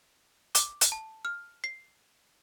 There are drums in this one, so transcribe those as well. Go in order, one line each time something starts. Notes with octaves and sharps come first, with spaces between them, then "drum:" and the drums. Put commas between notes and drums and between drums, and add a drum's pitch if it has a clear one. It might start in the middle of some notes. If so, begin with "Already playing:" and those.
D6, drum: hi-hat
drum: hi-hat
A5
F6
C7